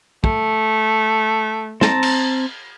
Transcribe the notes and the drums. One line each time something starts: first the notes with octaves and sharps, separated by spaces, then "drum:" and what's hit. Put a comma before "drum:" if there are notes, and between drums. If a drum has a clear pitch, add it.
A3, drum: kick
C4 A5 A#5, drum: snare
drum: cymbal